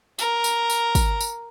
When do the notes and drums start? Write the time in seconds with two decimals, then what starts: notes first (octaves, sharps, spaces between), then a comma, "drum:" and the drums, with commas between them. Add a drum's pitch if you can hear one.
0.19 A#4, drum: tambourine
0.44 drum: tambourine
0.70 drum: tambourine
0.95 drum: kick, tambourine
1.20 drum: tambourine